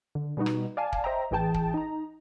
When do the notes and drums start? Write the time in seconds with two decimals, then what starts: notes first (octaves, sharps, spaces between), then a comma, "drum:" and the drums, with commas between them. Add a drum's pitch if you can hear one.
0.15 D3
0.37 B2 G3 B3 D#4 F#4
0.46 drum: rim click
0.77 D5 F5 G#5 A5
0.93 drum: kick
1.04 C5 D#5 E5 G5 A#5
1.31 A1 E3 G#4 G5 A5
1.54 drum: kick
1.74 D#4 A#5